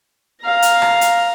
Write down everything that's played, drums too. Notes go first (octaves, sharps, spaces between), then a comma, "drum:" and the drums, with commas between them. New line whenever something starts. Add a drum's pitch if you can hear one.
F5 A#5
drum: hi-hat
drum: rim click
drum: hi-hat